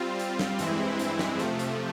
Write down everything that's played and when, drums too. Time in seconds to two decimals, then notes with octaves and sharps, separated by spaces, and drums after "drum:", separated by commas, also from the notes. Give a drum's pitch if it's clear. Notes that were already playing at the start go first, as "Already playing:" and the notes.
Already playing: G3 C4 F4
0.19 drum: hi-hat
0.39 drum: snare
0.59 G2 E3 G#3 C4 E4, drum: hi-hat
0.99 drum: hi-hat
1.19 drum: snare
1.39 C3 F3 A3, drum: hi-hat
1.59 drum: hi-hat